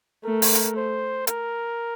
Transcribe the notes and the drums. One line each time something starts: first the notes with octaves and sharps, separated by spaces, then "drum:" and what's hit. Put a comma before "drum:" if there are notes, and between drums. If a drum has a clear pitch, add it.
A3 A#4
drum: open hi-hat
drum: hi-hat
C5
A#4, drum: hi-hat